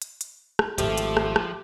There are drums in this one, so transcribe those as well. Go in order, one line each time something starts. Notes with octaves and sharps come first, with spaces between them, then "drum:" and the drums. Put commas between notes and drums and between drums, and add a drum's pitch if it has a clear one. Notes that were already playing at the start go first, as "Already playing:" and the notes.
drum: hi-hat
drum: hi-hat
drum: rim click
D1 G#1 F3 A3 G4, drum: hi-hat
drum: hi-hat
drum: rim click
drum: rim click